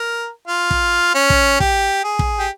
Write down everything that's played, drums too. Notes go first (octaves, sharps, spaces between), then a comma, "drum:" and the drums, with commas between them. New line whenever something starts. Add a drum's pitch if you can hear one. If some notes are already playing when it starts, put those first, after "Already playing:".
Already playing: A#4
F4
drum: kick
C#4
drum: kick
G4, drum: kick
G#4
drum: kick
G4